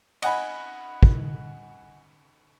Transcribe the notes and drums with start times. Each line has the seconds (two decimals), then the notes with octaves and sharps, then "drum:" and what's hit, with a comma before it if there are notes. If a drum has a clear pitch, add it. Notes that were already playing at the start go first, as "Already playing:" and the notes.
0.22 D#5 F#5 G#5 B5, drum: cymbal
1.03 drum: kick